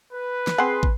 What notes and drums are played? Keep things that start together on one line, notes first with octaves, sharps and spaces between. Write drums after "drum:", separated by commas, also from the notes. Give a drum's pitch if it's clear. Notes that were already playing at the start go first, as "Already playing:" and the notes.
B4
drum: snare
C4 G#4 F#5 C6
drum: kick